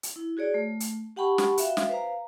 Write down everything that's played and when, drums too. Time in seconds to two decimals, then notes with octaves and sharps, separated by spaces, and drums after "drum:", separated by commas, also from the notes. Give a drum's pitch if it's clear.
0.03 drum: hi-hat
0.16 E4
0.37 F#4 G#4 C#5 D5
0.54 A3
0.80 drum: hi-hat
1.16 G4 F#5 G5 A5 B5 C#6
1.38 drum: snare
1.58 F#4 E5 F5 G5, drum: hi-hat
1.77 drum: snare
1.89 B4 C5 F5 A#5